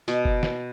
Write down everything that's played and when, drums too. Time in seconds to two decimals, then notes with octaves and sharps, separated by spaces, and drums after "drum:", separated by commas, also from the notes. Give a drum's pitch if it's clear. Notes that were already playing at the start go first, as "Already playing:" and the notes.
0.08 B2, drum: tambourine
0.25 drum: kick F#1
0.43 drum: snare